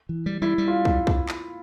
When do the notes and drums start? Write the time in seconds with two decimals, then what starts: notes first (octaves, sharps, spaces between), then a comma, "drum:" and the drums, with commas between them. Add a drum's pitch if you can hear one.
0.09 E3
0.26 G3
0.42 G3 E4
0.58 G3
0.68 F4
0.85 drum: kick
1.07 drum: kick
1.29 drum: clap